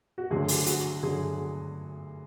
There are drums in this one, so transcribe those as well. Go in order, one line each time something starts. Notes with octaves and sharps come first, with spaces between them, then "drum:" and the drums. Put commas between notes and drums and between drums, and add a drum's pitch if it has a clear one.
F#4
D2 D3 F#3 G#4
drum: open hi-hat
F#4, drum: hi-hat
D3 F#3 G#4